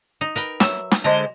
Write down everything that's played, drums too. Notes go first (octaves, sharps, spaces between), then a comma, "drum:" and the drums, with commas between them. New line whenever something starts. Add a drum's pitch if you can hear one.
D#4
A#4 B4 G5
F#3 E5, drum: snare
drum: snare
D3 G#3 C5 A#5